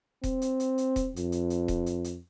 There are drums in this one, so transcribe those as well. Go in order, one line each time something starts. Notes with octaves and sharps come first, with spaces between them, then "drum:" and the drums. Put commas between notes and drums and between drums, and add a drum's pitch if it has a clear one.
C4, drum: kick D#1, hi-hat
drum: hi-hat
drum: hi-hat
drum: hi-hat
drum: kick D#1, hi-hat
F2, drum: hi-hat
drum: hi-hat
drum: hi-hat
drum: kick D#1, hi-hat
drum: hi-hat
drum: hi-hat